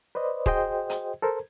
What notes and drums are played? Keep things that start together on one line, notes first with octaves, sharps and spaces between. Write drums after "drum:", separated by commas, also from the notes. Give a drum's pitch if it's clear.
B4 C5 D5 D#5
F#4 G#4 C5 D#5 G5, drum: kick
drum: hi-hat
A4 A#4 C5